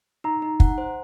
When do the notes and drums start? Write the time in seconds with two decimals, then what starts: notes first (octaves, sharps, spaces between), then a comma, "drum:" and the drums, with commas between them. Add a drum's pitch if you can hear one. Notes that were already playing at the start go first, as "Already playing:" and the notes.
0.24 D#4 A#5
0.42 D#4
0.60 F#5, drum: kick
0.78 C5